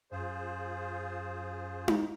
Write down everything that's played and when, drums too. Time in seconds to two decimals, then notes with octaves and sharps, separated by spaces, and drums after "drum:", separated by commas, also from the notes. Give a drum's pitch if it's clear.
0.11 F#2 F4 G#4 C5
1.88 drum: tom D#4